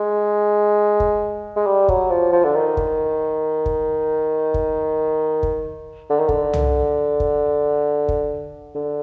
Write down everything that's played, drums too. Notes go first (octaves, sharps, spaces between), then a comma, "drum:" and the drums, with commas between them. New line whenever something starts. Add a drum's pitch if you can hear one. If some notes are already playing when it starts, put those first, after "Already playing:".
Already playing: G#3
drum: kick
G#3
G3
F#3, drum: kick
F3
F3
D3
D#3
drum: kick
drum: kick
drum: kick
drum: kick
D3
D#3
D3, drum: kick
drum: tom
drum: kick
drum: kick
D3